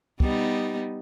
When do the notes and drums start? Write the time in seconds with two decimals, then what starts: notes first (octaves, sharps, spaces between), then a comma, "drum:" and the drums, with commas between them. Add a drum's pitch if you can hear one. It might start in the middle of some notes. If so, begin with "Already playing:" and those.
0.20 G3 B3 D#4, drum: kick